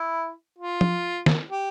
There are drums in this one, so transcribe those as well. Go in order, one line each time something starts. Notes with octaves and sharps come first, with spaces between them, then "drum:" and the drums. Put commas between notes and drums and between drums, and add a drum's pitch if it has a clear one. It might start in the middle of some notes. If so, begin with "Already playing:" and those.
Already playing: E4
F4
drum: tom F3
drum: snare
G4